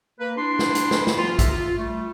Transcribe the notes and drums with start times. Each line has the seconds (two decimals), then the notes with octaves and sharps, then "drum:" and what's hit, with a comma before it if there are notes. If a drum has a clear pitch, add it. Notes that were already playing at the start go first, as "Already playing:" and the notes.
0.20 A#3 B4
0.37 D4 E4 G4 C6
0.59 drum: snare
0.75 drum: hi-hat
0.91 drum: snare
1.07 drum: snare
1.17 F3 B3 F4
1.39 D#4 F4 G4 A#4 E5, drum: kick A#1, hi-hat
1.51 F4
1.78 G3 A3